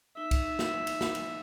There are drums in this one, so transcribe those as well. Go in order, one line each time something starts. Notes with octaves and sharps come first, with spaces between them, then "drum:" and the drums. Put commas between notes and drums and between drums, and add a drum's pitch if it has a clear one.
D#4 E5
drum: kick B1, cymbal
drum: snare
drum: cymbal
drum: snare
drum: cymbal